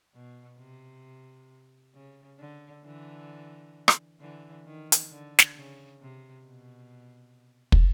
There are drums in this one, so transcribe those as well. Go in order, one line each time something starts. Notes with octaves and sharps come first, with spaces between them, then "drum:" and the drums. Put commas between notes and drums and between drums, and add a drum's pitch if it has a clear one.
B2
C3
C#3
D3
D3 E3
drum: rim click
D3 E3
D#3
drum: hi-hat
D3
drum: snare
C#3
C3
B2
drum: kick